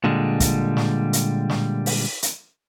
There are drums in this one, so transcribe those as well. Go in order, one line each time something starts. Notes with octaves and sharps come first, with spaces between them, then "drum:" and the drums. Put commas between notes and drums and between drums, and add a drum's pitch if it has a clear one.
A#2 D3 G3 G#3
drum: kick, hi-hat
drum: snare
drum: hi-hat
drum: snare
drum: open hi-hat
drum: hi-hat